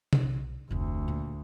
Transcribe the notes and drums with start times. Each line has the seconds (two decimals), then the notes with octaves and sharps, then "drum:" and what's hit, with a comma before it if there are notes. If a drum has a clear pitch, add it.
0.13 drum: tom C3
0.23 B1
0.71 F1 D2 D3
1.08 D#2 A#2